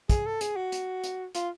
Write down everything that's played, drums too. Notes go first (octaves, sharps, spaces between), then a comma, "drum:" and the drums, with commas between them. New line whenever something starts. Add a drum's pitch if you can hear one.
G#4, drum: kick, hi-hat
A4
G#4, drum: hi-hat
F#4
drum: hi-hat
drum: hi-hat
F4, drum: hi-hat